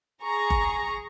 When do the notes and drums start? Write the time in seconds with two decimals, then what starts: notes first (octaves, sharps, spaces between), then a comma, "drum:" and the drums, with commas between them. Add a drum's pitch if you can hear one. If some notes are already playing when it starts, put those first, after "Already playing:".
0.22 G#4 A#5 C#6
0.50 drum: kick F#1